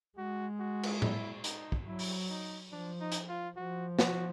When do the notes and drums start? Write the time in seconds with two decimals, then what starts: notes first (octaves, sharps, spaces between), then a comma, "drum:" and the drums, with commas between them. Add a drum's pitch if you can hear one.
0.17 G#3 F#4
0.59 F#4
0.83 drum: cymbal
1.02 E4, drum: tom A2
1.44 D#4, drum: hi-hat
1.72 drum: kick
1.87 F#3 E4
1.99 drum: open hi-hat
2.30 D#4
2.72 F3 D4
3.00 D#4
3.12 drum: hi-hat
3.29 F4
3.57 F3 F#4
3.99 F#4, drum: snare